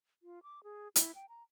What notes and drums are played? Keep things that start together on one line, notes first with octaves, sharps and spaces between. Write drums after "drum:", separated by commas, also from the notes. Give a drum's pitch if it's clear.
F4
D6
G#4
E4, drum: hi-hat
G5
A#5